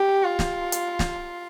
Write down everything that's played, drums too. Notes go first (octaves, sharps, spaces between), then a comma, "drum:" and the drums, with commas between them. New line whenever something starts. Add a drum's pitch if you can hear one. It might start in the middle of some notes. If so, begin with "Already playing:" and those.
Already playing: G4
F4
drum: snare
drum: hi-hat
drum: snare